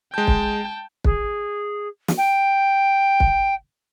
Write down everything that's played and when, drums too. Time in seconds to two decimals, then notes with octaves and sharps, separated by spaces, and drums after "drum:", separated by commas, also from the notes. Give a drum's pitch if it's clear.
0.14 G#3 G5 A5 G6
0.27 drum: kick
1.04 G#4, drum: kick
2.08 drum: snare
2.17 G5
3.20 drum: kick